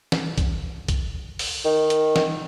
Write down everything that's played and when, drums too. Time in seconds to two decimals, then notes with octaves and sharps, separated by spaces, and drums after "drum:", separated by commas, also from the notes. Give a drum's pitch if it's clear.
0.12 drum: snare
0.38 drum: kick B1, hi-hat
0.88 drum: kick B1, hi-hat
1.39 drum: open hi-hat
1.65 D#3
1.90 drum: hi-hat
2.16 drum: snare